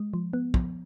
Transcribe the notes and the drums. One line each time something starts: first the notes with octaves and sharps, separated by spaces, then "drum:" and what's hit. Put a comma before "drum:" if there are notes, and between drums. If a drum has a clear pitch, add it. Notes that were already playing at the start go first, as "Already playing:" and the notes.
Already playing: G#3
F3
B3
F3, drum: kick